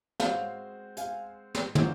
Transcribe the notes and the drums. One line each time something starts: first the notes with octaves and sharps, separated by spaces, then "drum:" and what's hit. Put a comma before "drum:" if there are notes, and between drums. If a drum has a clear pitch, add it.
G#3 C4 F#4 C5 C#5 F5, drum: snare
F5 G#5, drum: hi-hat
drum: snare
A#2 F#3 C#4 F#4 C5, drum: tom